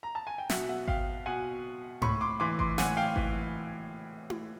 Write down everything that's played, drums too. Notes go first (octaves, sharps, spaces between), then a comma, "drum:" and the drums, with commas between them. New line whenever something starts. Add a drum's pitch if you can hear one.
A#5
A5
G#5
G5
B2 E5 F#5, drum: snare
E5 F#5
F5 G5, drum: kick G#1
B2 F#5 G#5
A2 B5 C#6, drum: tom G#2
C6 D6
E3 C6 D6
C6 D6, drum: kick G#1
A2 F#5 G#5, drum: snare
F5 G5
E3, drum: kick G#1
drum: tom E4